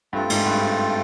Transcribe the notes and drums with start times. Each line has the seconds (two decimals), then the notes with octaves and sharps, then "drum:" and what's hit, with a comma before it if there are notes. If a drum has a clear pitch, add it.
0.13 G2 A3 C4 F4 A4
0.30 G#2, drum: cymbal
0.46 G2